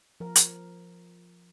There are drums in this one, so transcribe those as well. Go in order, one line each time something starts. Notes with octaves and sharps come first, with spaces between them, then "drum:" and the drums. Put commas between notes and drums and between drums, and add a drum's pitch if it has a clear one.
F3 A#4
drum: hi-hat